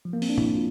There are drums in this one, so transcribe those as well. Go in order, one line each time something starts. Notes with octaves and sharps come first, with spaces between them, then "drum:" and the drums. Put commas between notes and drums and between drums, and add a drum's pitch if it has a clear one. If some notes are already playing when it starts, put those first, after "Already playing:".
F3
A#3
C4, drum: open hi-hat
D4
E4, drum: tom A#2
F4